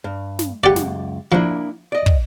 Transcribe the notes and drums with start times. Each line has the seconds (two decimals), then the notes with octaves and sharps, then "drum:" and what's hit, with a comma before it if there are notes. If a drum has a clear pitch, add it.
0.04 G2
0.39 drum: snare
0.64 C#2 F#2 G4 D5 F#5
0.76 drum: snare
1.32 F3 A#3 D4 E4
1.92 D5 D#5
2.06 drum: kick